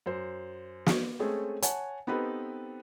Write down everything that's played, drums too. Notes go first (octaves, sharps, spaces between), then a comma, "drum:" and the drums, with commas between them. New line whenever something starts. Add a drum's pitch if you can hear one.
F#2 C5
drum: snare
G#3 A3 C4 C#4 G#4 A4
C#5 F#5 G#5 A5, drum: hi-hat
B3 C4 D#4 G4 A4 B4